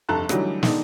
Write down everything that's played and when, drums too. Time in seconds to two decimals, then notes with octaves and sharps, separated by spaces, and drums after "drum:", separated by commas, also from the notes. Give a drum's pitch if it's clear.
0.09 F1 G2 A4 A5 A#5 F#6
0.29 D3 E3 F#3 G3 A3 D#4, drum: rim click
0.63 D3 D#3 G#3 D4 D#4, drum: snare